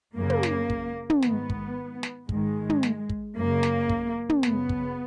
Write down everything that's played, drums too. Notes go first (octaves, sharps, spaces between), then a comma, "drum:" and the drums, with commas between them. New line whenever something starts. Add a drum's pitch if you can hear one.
F#2 C#3 A#3
drum: tom
drum: snare
drum: kick
drum: tom
G#2 D#3 B3, drum: snare
drum: kick
drum: snare
G#2 D#3 G#3, drum: kick
drum: tom
drum: snare
drum: kick
F#2 C#3 A#3
drum: snare
drum: kick
drum: tom
F#2 C#3 B3, drum: snare
drum: kick